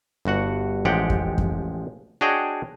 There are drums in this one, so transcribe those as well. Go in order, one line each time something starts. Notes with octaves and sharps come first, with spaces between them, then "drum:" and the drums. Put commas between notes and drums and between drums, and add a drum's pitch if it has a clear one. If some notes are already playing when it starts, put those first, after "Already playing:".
G1 G2 F#4 F#5
A1 F3 G#3 G4 F#5 G5
drum: kick F2
drum: kick F2
D4 F#4 G#4 C#5 D#5 G5